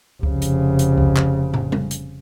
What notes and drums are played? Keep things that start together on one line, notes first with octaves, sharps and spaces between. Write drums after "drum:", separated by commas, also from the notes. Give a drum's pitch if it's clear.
F1 C#3, drum: kick C#2
drum: hi-hat
drum: hi-hat
drum: kick C#2
drum: clap
drum: tom
drum: tom G3
drum: hi-hat